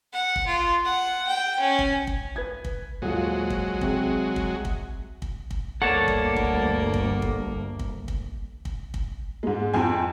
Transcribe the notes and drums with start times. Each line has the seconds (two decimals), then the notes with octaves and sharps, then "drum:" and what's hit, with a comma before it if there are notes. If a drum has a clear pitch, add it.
0.13 F#5
0.36 drum: kick
0.46 F4
0.84 F#5
1.27 G5
1.60 C#4
1.79 drum: kick
2.07 drum: kick
2.36 B4 G#6
2.64 drum: kick
3.02 D#1 F#3 G#3 F4
3.50 drum: kick
3.81 C3 C4 G#4, drum: kick
4.36 drum: kick
4.65 drum: kick
5.22 drum: kick
5.51 drum: kick
5.82 G1 D2 A#3 A4 C#5 D5 F#5 A5
6.08 drum: kick
6.36 drum: kick
6.94 drum: kick
7.22 drum: kick
7.79 drum: kick
8.08 drum: kick
8.65 drum: kick
8.94 drum: kick
9.43 G#2 G#3
9.74 F2 G5 G#5